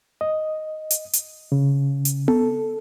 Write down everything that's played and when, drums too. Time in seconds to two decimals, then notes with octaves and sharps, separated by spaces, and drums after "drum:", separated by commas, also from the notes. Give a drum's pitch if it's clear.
0.21 D#5
0.91 drum: hi-hat
1.13 drum: hi-hat
1.52 C#3
2.05 drum: hi-hat
2.28 A4, drum: tom B3